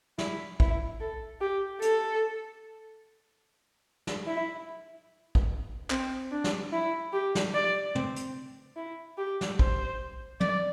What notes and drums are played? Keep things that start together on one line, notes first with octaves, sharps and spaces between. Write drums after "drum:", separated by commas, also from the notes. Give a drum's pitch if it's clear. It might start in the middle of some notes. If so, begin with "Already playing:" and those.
E4, drum: snare
E4, drum: kick
A4
G4
A4, drum: hi-hat
drum: snare
E4
drum: kick
C4, drum: clap
D4
drum: snare
E4
G4
drum: snare
D5
C4, drum: tom
drum: hi-hat
E4
G4
drum: snare
C5, drum: kick
D5, drum: tom